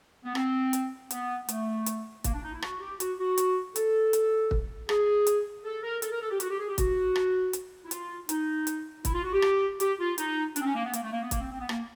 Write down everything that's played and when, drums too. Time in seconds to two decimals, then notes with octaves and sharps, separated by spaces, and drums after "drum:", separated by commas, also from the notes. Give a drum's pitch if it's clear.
0.24 B3
0.35 C4, drum: rim click
0.73 drum: hi-hat
1.11 B3, drum: hi-hat
1.49 A3, drum: hi-hat
1.86 drum: hi-hat
2.24 A#3, drum: kick, hi-hat
2.34 D4
2.43 D#4
2.53 E4
2.62 F#4, drum: rim click
2.80 G4
3.00 F#4, drum: hi-hat
3.19 F#4
3.38 drum: hi-hat
3.76 A4, drum: hi-hat
4.13 drum: hi-hat
4.51 drum: kick
4.89 G#4, drum: rim click
5.27 drum: hi-hat
5.64 A4
5.83 A#4
6.02 A4, drum: hi-hat
6.12 A#4
6.21 A4
6.31 G4
6.40 F#4, drum: hi-hat
6.50 G4
6.59 G#4
6.68 G4
6.78 F#4, drum: kick, hi-hat
7.16 drum: rim click
7.53 drum: hi-hat
7.85 E4
7.91 F4, drum: hi-hat
8.29 D#4, drum: hi-hat
8.67 drum: hi-hat
9.05 E4, drum: kick, hi-hat
9.14 F4
9.23 F#4
9.33 G4
9.42 drum: rim click
9.80 G4, drum: hi-hat
9.99 F4
10.18 D#4, drum: hi-hat
10.56 D4, drum: hi-hat
10.61 C4
10.65 C#4
10.75 A#3
10.84 B3
10.93 A#3, drum: hi-hat
11.03 A3
11.12 A#3
11.22 B3
11.31 A#3, drum: kick, hi-hat
11.41 C4
11.51 C4
11.60 B3
11.69 A#3, drum: rim click